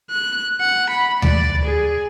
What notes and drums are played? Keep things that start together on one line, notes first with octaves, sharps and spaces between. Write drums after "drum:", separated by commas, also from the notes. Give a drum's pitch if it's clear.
F#6
F#5
B5
D5, drum: tom D2
G#4